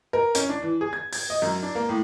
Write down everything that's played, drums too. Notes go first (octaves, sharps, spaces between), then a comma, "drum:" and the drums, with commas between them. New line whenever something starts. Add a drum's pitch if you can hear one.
A#4
C#4, drum: hi-hat
D4
E3
G#4
G#6
G#6, drum: open hi-hat
D#5
F#2
D4
A#3
A2